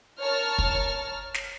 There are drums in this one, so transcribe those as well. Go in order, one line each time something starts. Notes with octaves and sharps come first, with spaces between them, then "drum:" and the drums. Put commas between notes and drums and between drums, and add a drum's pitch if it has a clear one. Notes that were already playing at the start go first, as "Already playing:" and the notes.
A#4 C#5 A5 F6
drum: kick
drum: snare